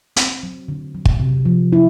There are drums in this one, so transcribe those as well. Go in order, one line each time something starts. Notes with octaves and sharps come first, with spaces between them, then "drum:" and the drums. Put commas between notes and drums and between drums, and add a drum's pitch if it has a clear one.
C4, drum: hi-hat
F#3
D3
F#3
drum: kick
C3
F3
E4